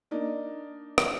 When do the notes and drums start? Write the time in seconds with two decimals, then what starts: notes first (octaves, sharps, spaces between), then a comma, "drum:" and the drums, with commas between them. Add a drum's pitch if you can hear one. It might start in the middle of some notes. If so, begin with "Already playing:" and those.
0.11 A#3 D4 D#4
0.98 drum: rim click